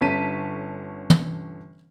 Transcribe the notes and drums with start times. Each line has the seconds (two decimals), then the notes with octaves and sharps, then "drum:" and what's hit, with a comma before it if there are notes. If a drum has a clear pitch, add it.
0.01 G1 D3 C#4 A5 B6 D#7
1.10 drum: tom